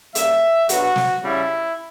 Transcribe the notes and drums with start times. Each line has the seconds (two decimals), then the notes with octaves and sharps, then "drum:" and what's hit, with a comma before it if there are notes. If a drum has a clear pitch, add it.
0.15 C#3 G3 A#3 E5, drum: hi-hat
0.69 B2 F#3 B3 D4 F#4, drum: hi-hat
0.96 drum: snare
1.23 C#3 G3 C#4 E4